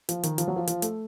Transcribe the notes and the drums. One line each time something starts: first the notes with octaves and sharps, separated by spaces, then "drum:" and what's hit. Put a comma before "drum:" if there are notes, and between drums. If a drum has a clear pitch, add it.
F3, drum: hi-hat
D#3, drum: hi-hat
F3, drum: hi-hat
F#3
F3
F3, drum: hi-hat
A3, drum: hi-hat